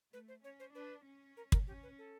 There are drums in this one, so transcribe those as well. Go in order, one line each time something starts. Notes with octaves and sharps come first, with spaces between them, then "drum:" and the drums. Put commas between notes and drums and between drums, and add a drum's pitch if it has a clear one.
A3 B4
C5
C#4 C#5
C5
D4 B4
C#4
A#4
A#4, drum: kick
C#4 G4
B4
A4